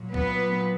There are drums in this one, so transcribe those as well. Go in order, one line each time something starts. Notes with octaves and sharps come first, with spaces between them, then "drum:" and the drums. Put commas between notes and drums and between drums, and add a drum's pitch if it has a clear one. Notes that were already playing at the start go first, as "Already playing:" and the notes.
Already playing: A#2 F#3
B3 B4, drum: kick